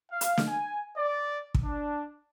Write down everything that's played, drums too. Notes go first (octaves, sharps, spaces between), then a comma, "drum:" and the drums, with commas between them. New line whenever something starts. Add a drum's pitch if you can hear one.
F5
drum: hi-hat
drum: snare
G#5
D5
drum: kick
D4